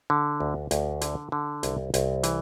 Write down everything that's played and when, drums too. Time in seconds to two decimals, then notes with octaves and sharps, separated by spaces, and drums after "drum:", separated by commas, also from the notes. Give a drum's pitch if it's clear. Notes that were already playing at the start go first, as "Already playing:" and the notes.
0.10 D3
0.40 D2
0.71 D2, drum: hi-hat
1.01 D3, drum: hi-hat
1.32 D3
1.63 C2, drum: hi-hat
1.94 C2, drum: hi-hat
2.23 E3, drum: hi-hat